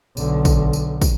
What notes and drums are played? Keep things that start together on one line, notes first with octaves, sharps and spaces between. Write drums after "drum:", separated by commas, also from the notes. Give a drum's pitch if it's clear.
B1 D3, drum: tambourine
drum: kick, tambourine
drum: tambourine
drum: kick, tambourine